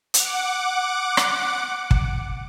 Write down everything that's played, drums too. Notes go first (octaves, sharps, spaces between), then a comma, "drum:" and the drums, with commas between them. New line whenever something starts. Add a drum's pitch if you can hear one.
F#5 D6, drum: hi-hat
drum: rim click
drum: kick